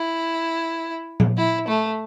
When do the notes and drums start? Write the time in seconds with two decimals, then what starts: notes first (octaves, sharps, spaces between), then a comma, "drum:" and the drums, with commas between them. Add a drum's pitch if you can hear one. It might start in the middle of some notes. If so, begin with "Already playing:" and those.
Already playing: E4
1.20 drum: tom A#2
1.37 E4
1.67 A3